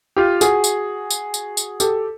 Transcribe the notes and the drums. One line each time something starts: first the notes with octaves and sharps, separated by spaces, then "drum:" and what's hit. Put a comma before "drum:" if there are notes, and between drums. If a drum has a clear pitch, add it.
F4 G4
F#4 G#4, drum: tambourine
drum: tambourine
drum: tambourine
drum: tambourine
drum: tambourine
G4 A4, drum: tambourine